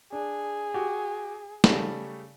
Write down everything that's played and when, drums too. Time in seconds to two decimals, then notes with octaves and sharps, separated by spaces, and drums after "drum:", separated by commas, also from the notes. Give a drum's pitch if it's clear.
0.13 D4 G#4
0.74 F#4 G4
1.64 C#3 G3 A3, drum: snare